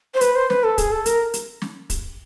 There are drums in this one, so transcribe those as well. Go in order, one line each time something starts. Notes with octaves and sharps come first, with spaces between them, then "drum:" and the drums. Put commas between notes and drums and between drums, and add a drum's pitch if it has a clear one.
C5
B4, drum: hi-hat
C5
B4, drum: snare
A4
G#4, drum: kick, hi-hat
A4
A#4, drum: hi-hat
drum: hi-hat
drum: snare
drum: kick, hi-hat